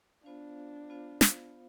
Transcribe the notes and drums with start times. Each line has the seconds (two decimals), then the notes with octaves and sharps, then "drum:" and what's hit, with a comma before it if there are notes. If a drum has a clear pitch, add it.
0.24 B3 D4 F4 C5 F5
0.90 B3 F4 C5 F5
1.21 drum: snare